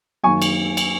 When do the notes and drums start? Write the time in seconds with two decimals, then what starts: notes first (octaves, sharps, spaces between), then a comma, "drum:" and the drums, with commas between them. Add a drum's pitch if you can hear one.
0.23 F#2 D#3 A#3 G#5 C#6
0.42 drum: cymbal
0.77 drum: cymbal